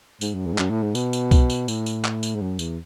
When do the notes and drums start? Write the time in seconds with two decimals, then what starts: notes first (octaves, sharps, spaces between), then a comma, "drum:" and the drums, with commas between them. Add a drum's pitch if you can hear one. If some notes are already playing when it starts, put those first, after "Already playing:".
0.21 G#2, drum: tambourine
0.34 F#2
0.46 E2
0.53 G#2
0.58 F#2, drum: clap
0.70 A2
0.83 G#2
0.95 B2, drum: tambourine
1.13 drum: tambourine
1.31 drum: kick C2, tambourine
1.50 drum: tambourine
1.68 A2, drum: tambourine
1.86 drum: tambourine
2.05 drum: clap
2.23 drum: tambourine
2.35 G#2
2.42 F#2
2.59 E2, drum: tambourine